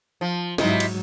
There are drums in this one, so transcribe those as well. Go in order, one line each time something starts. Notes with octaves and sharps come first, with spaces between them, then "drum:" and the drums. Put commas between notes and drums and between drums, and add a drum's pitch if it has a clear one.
F3
G#2 C3 F#3 D#4 E4, drum: snare
drum: cymbal